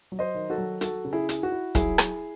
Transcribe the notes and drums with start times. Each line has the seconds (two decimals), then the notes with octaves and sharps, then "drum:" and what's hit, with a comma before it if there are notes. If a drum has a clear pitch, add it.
0.12 F#3
0.19 C5 D#5
0.34 D#3
0.50 F#4 A4
0.58 F#3
0.81 F#3 F#4 A4, drum: hi-hat
1.05 C#3
1.13 E4 G#4
1.29 E4, drum: hi-hat
1.43 F#4
1.52 E4
1.75 F#3 E4 G#4, drum: kick, hi-hat
1.98 E4, drum: rim click